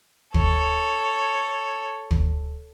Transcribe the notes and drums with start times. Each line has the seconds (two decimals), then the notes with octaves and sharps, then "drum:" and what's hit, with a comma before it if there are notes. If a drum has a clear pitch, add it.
0.34 A4 C#5, drum: kick
2.11 drum: kick